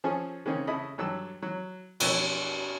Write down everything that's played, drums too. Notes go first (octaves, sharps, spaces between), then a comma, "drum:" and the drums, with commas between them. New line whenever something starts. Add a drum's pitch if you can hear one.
F3 C#4 G#4 A4 C#6
C#3 A#3 C4 C#4 D#4
C#3 E4 A4 D#5 B5
G2 F#3 A4 E6
F#3
F2 B2 E3 A#4 C#5 E6, drum: cymbal